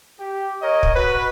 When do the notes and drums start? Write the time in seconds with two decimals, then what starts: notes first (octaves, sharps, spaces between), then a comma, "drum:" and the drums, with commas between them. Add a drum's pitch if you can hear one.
0.19 G4
0.62 A#4 C#5 D#5
0.83 drum: kick
0.94 F#4 B4